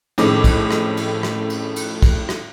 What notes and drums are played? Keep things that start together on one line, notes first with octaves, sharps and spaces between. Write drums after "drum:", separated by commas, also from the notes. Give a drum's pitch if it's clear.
F2 A2 D#3 G#3 C#4 D6, drum: cymbal
drum: kick, cymbal
drum: rim click
drum: cymbal
drum: rim click
drum: cymbal
drum: cymbal
drum: kick, cymbal
drum: rim click